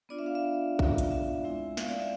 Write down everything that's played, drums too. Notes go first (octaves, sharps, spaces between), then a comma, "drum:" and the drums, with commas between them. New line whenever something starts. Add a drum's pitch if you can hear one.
B3 D4 F4 D5
E5
F5
E5
drum: kick
drum: hi-hat
E5
G#3 C4 E4
F5, drum: snare
D5
E5